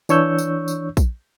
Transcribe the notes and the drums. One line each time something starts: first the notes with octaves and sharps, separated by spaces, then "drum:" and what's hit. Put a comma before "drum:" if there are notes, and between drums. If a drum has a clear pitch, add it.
E3 D4 C#5 C#6 E6 G6, drum: tambourine
drum: tambourine
drum: tambourine
drum: kick A#1, tambourine